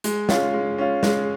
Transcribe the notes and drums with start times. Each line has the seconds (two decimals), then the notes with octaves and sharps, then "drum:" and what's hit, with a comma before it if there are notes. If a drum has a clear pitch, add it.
0.04 G#3, drum: hi-hat
0.29 C#4 F4, drum: snare
0.54 G#3
0.78 C#4 F4
1.03 G#3, drum: snare